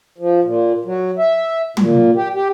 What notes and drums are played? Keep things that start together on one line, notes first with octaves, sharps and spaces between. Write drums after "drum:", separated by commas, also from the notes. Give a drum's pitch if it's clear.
F3
A#2
F#3
E5
A#2, drum: tom
G4
G4